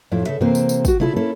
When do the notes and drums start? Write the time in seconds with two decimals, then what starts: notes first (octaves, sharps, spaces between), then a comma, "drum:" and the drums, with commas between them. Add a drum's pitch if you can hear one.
0.12 F2 A2 E4 F4
0.26 C#3 A4 E5
0.41 C3 E3 A#3 C4 A4 C5, drum: tom F#2
0.55 drum: tambourine
0.69 drum: tambourine
0.85 F#4 G4, drum: kick, tambourine
1.00 C#3 A3 E4 F4 A4, drum: tom B2
1.16 A#3 C#4 E4 A4